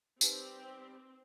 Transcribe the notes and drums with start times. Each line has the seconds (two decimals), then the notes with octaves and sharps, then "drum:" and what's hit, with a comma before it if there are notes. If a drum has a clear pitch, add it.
0.21 G3 C4 D#4 G4 B4, drum: tambourine